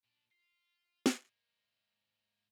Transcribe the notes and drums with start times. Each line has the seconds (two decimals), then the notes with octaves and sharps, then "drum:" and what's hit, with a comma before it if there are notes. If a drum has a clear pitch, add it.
0.05 A#2 D4
0.31 F4 C7
1.06 drum: snare
1.27 G#2 A#3